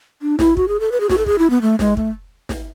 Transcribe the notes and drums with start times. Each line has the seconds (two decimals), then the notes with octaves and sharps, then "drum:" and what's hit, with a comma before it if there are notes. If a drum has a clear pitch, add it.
0.22 D4
0.39 E4, drum: snare
0.57 F#4, drum: kick
0.68 G#4
0.80 A4
0.92 B4
1.00 G#4
1.09 F#4, drum: snare
1.18 A4
1.26 G#4, drum: kick
1.39 E4
1.50 B3
1.62 A3
1.79 G#3, drum: snare
1.97 A3, drum: kick
2.49 drum: snare